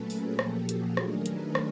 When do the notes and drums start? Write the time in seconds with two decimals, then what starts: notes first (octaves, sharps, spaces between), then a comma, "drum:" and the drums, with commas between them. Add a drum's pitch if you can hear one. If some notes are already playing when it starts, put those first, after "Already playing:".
Already playing: A#2 F#3 A3 C#4 A4 B4
0.10 G#4 A#4, drum: open hi-hat
0.39 A#2 F3 A#3 G4 A4, drum: rim click
0.69 F#4 G#4, drum: hi-hat
0.97 D#3 F#3 A3 D4 G#4 A#4, drum: rim click
1.26 A4 B4, drum: hi-hat
1.55 drum: rim click